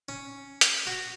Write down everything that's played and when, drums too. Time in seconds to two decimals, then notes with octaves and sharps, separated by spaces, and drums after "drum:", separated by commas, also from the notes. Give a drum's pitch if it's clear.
0.09 C#4
0.61 drum: hi-hat
0.87 F#4